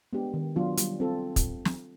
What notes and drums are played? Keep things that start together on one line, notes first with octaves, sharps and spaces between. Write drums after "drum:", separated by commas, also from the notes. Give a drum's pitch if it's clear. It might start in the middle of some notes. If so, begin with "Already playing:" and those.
G#3 B3 D4 G4
D#3
F#3 B3 D4 F4
G3, drum: hi-hat
C4 F4 A4
drum: kick, hi-hat
drum: snare